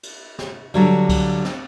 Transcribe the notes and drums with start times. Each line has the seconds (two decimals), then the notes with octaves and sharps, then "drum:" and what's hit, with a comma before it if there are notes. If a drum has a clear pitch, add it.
0.03 drum: cymbal
0.39 drum: snare
0.74 D3 F#3 G3, drum: cymbal
1.09 drum: kick C#2, cymbal
1.45 drum: snare